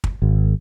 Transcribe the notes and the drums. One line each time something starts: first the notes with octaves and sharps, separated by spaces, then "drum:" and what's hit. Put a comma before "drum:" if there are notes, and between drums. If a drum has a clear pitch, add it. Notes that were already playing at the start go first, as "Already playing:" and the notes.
drum: kick
G#1